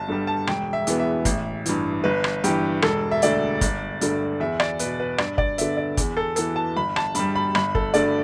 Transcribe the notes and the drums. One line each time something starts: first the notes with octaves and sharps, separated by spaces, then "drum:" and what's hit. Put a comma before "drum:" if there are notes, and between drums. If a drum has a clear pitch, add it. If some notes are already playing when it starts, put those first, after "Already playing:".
Already playing: G1 A5
G2 D3 G3
A5
E1 G5, drum: rim click
E5
E2 E3 B3, drum: hi-hat
E5
A1, drum: kick, hi-hat
G2 E3, drum: hi-hat
G1 B4
drum: rim click
G2 E3 G4, drum: hi-hat
E1 A4, drum: rim click
E5
D2 D3 D5, drum: hi-hat
G1, drum: kick, hi-hat
G2 D3 A3, drum: hi-hat
E2 E5
D5, drum: rim click
B2 B3 B4, drum: hi-hat
B4
G2 D5, drum: rim click
D5, drum: kick
D3 B3 E5, drum: hi-hat
D5
E2, drum: kick, hi-hat
A4
E3 B3 A4, drum: hi-hat
A5
G1 B5
A5, drum: rim click
G2 G3 B5, drum: hi-hat
B5
G1 B5, drum: rim click
A4, drum: kick
G2 D3 A3 D5, drum: hi-hat